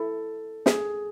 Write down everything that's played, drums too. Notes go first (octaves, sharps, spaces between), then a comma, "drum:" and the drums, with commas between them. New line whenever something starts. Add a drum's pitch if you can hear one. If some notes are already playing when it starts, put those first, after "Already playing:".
Already playing: E4 A4
G#4, drum: snare